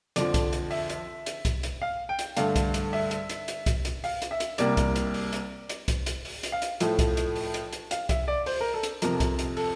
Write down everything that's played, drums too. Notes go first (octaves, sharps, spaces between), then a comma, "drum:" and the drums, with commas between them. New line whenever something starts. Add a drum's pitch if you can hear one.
F2 D3 F3 D5, drum: hi-hat
drum: kick C2, hi-hat
drum: hi-hat
E5, drum: open hi-hat
drum: hi-hat
drum: hi-hat
drum: kick C2, hi-hat
drum: hi-hat
F5
G5
drum: hi-hat
G2 D3 A3 F5, drum: hi-hat
drum: kick C2, hi-hat
drum: hi-hat
E5, drum: open hi-hat
drum: hi-hat
drum: hi-hat
drum: hi-hat
drum: kick C2, hi-hat
drum: hi-hat
F5, drum: open hi-hat
drum: hi-hat
E5
drum: hi-hat
C2 C3 G3 A#3 D5, drum: hi-hat
drum: kick C2, hi-hat
drum: hi-hat
drum: open hi-hat
drum: hi-hat
drum: hi-hat
drum: kick C2, hi-hat
drum: hi-hat
drum: open hi-hat
drum: hi-hat
F5
drum: hi-hat
A2 F3 A3, drum: hi-hat
drum: kick C2, hi-hat
drum: hi-hat
drum: open hi-hat
drum: hi-hat
drum: hi-hat
F5, drum: hi-hat
E5, drum: kick C2, hi-hat
D5
C5, drum: open hi-hat
A#4
A4
drum: hi-hat
F2 C3 F3 A#4, drum: hi-hat
drum: kick C2, hi-hat
drum: hi-hat
A4, drum: open hi-hat